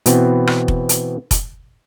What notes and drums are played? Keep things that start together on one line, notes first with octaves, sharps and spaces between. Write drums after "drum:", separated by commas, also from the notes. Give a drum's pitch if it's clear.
B2 E3 B3 C4, drum: hi-hat
drum: rim click
drum: kick F1
drum: hi-hat
drum: kick F1, hi-hat